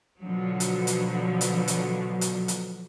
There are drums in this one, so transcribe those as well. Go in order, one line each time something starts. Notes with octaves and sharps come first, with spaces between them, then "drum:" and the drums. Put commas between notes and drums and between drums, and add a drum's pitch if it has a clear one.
B2 D3 F3 F#3
drum: hi-hat
drum: hi-hat
drum: hi-hat
drum: hi-hat
drum: hi-hat
drum: hi-hat